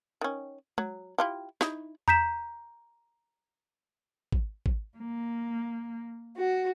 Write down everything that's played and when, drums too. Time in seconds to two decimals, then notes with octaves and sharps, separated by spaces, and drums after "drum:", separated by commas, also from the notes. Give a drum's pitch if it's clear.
0.21 D#3 C#4
0.78 F#3, drum: tom G#3
1.18 E4 F4 G4
1.61 D#4 E4, drum: snare
2.08 A#5 G6 B6 E7, drum: tom E2
4.32 drum: kick
4.66 drum: kick
4.97 A#3
6.37 F#4